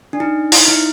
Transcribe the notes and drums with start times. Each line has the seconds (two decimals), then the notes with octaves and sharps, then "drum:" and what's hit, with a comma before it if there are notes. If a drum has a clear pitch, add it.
0.13 D4
0.20 D#4
0.52 E4, drum: open hi-hat
0.68 D#4